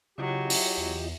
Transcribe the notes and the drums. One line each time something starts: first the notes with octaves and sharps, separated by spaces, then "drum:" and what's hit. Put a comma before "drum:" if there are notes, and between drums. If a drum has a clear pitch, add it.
C#3 F#3 E4 F4 G4 D#5
drum: open hi-hat
E2